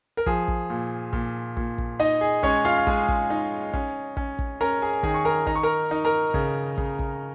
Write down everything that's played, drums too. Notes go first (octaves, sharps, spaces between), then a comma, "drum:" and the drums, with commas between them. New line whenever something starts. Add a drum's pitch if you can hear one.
A#4
F3 G#4, drum: kick
drum: kick
A#2
A#2, drum: kick
A#2, drum: kick
drum: kick
D#4 D#5
G#4
G#3 C#4 C#5, drum: kick
F4 F5
F5
G#3 G#4 G#5, drum: kick
drum: kick
D#4
C#4, drum: kick
C#4, drum: kick
drum: kick
C#4 A#4 A#5
G#4 G#5
D#3 G#4 G#5, drum: kick
C#6
A#4 A#5
D#4 A#5, drum: kick
C#6
A#4 A#5
D#4
A#4 A#5
C#3, drum: kick
C#3, drum: kick
drum: kick